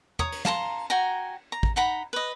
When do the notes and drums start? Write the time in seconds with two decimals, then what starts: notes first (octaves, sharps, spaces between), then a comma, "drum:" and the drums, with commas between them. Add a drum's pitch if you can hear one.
0.19 C#5 A#5 D#6, drum: tom
0.32 drum: cymbal
0.45 F5 A5 A#5 C6, drum: snare
0.90 F#4 G5 G#5 A#5
1.52 A#5
1.63 drum: kick
1.76 D#4 F#5 A#5 B5
2.13 B4 D#5